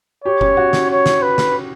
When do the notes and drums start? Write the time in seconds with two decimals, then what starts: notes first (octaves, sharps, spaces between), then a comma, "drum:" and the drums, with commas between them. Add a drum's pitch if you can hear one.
0.24 G4 C#5
0.41 C#4, drum: kick F#1
0.57 F#4
0.73 C#4, drum: snare
0.90 C#5
1.06 drum: snare
1.22 B4
1.38 drum: snare